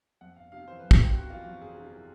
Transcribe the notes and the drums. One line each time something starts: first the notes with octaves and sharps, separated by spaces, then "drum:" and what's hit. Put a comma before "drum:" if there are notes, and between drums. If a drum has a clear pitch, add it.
F2 F#5
G1 F5
C3 F5
E3 C5
B4
F2
A#4, drum: kick
G1 G4
C3 F#4
E3 F4
F2 F#4
G1 G#4
C3
E3